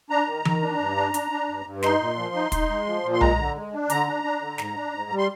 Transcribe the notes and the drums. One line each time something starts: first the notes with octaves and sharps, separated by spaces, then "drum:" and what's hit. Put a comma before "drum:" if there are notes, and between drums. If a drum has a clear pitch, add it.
D4 A#5
D#3
D#3, drum: tom E3
D4
G2
D4
D4, drum: hi-hat
D4
G2
G2
D#4 C6, drum: snare
A#2
F3
D#4
D#4, drum: kick, hi-hat
G#3
F3
A#2
C6
G#3 A#5, drum: tom B1
D3
G#3
D4
D3 A#5, drum: hi-hat
D4
D4
D3
G#2, drum: snare
D4
G#2
G3
C6